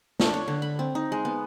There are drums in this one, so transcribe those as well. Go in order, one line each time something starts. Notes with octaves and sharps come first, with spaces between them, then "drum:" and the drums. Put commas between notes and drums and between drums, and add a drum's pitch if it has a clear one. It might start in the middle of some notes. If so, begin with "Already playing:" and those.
D4, drum: snare
C#5
D3
B5
C4
D#4
G#3
B3